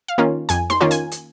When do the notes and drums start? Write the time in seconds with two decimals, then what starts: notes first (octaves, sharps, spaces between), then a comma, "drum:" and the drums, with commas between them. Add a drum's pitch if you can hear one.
0.08 F5
0.18 D#3 A#3 C#4 F4
0.49 F2 G#5, drum: hi-hat
0.70 C6, drum: snare
0.81 D#3 A#3 C#4 F4
0.91 G#5, drum: hi-hat
1.11 drum: hi-hat